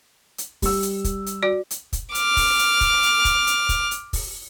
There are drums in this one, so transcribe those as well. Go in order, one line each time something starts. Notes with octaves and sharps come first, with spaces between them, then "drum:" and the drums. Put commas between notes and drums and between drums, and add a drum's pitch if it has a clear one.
drum: hi-hat
G3 E6, drum: kick, open hi-hat
drum: hi-hat
drum: kick, hi-hat
drum: hi-hat
F#4 D5
drum: hi-hat
drum: kick, hi-hat
D6 F6, drum: hi-hat
drum: kick, open hi-hat
drum: hi-hat
drum: kick, hi-hat
drum: hi-hat
drum: kick, hi-hat
drum: hi-hat
drum: kick, hi-hat
drum: hi-hat
drum: kick, open hi-hat